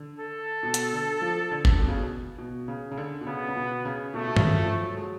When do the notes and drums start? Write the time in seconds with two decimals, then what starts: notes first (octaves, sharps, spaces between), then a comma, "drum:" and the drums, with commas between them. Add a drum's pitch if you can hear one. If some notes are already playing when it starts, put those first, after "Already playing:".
Already playing: D3
0.19 A4
0.63 B2
0.74 drum: hi-hat
0.93 D3
1.22 F3
1.51 D3
1.65 drum: kick G1
1.80 B2
1.88 C#3
1.97 B2
2.38 B2
2.68 C#3
2.91 C#3
2.97 D3
3.21 B2
3.26 C#3 B3
3.48 C#3
3.56 B2
3.85 C#3
4.14 B2 A3
4.27 B2
4.37 C#3, drum: tom
4.59 F3
4.81 F#3
4.97 G#3
5.03 F#3